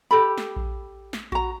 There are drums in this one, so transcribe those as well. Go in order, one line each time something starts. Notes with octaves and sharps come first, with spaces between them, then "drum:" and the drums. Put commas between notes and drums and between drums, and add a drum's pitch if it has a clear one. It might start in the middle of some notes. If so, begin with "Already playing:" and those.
G4 A4 B5
drum: snare
drum: kick A#1
drum: snare
F#4 A#5, drum: kick A#1